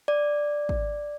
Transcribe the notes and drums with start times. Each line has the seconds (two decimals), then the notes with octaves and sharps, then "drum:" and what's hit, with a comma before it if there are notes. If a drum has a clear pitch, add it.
0.08 D5
0.69 drum: kick